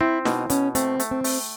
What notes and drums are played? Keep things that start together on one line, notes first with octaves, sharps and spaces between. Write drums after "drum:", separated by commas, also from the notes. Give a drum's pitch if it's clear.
C4 E4
B2 D#4, drum: snare
B2 C#4, drum: hi-hat
A3 C4, drum: hi-hat
A3, drum: hi-hat
C4
A3, drum: open hi-hat